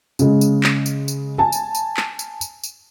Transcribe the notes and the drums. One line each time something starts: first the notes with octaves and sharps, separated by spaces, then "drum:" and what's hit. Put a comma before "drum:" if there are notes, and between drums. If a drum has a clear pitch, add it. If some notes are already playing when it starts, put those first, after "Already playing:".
C#3 G#3, drum: tambourine
drum: tambourine
drum: clap
drum: tambourine
drum: tambourine
G#5 A5
drum: tambourine
drum: tambourine
drum: clap
drum: tambourine
drum: tambourine
drum: tambourine